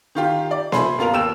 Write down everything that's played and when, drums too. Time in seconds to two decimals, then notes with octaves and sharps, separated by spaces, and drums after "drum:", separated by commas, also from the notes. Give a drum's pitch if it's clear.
0.15 D#3 F4 G4
0.51 D5
0.72 C5 E5 G#5 B5, drum: snare A#3
0.98 D#1 B3 F4 A#4 F7
1.14 D#2 G5 E6 E7